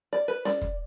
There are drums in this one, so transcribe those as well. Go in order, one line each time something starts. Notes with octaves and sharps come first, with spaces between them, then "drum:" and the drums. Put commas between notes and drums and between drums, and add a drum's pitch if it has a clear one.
D5
B4
D5, drum: snare C#4
drum: kick